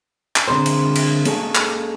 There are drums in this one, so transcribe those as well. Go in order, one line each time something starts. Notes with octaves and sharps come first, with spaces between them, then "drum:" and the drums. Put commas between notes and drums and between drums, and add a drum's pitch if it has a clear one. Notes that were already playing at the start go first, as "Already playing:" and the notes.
drum: clap
D3 C4 G#4 A#4 C5
drum: cymbal
drum: cymbal
A#3 C#4 G#4 A4, drum: cymbal
drum: clap